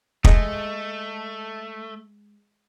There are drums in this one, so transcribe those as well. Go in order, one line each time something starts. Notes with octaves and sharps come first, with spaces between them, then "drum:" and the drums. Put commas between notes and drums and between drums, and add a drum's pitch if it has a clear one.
G#3 A3 D#5, drum: kick